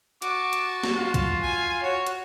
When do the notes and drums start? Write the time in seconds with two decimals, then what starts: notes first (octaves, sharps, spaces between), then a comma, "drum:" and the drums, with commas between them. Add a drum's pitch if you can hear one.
0.22 F#4 A5 D6, drum: hi-hat
0.53 drum: hi-hat
0.84 drum: snare
0.96 F4
1.14 drum: kick C2, hi-hat
1.41 G#5
1.82 F#4 C#5
2.07 drum: hi-hat